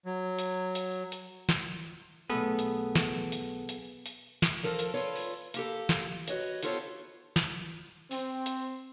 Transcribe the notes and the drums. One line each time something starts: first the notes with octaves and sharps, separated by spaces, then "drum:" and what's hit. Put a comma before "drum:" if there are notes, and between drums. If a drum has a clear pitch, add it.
F#3
drum: hi-hat
drum: hi-hat
drum: hi-hat
drum: snare
B1 A3 B3 G#4 A4 B4
drum: hi-hat
drum: snare
drum: hi-hat
drum: hi-hat
drum: hi-hat
drum: snare
F3 A4 A#4
drum: hi-hat
F4 A4 B4 C#5 D5
drum: open hi-hat
A#3 G4 A4, drum: hi-hat
drum: snare
F#4 B4 C#5 D#5, drum: hi-hat
B3 F4 G4 A4 C5 C#5, drum: hi-hat
drum: snare
C4, drum: open hi-hat
drum: hi-hat